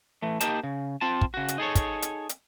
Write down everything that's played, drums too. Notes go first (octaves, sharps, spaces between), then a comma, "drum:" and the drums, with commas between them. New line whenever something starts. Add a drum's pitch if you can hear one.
E3 A3
A#3 D#4 G4 A5, drum: hi-hat
C#3
C4 F4 A5
drum: kick
C#3 F#4
drum: hi-hat
D#4 G#4 A4 C#5
drum: kick, hi-hat
drum: hi-hat
drum: hi-hat